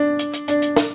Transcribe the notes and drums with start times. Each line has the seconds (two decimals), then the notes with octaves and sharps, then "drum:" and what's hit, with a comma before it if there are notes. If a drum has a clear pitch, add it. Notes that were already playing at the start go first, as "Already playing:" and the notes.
Already playing: D4
0.19 drum: hi-hat
0.34 drum: hi-hat
0.48 D4, drum: hi-hat
0.62 drum: hi-hat
0.76 drum: snare